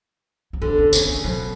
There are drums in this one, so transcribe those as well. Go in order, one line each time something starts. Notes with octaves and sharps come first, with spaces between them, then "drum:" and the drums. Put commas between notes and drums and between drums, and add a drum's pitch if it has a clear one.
B3
D3 C#4
C#4
C#3 B3, drum: tambourine
A#3
B2 F#3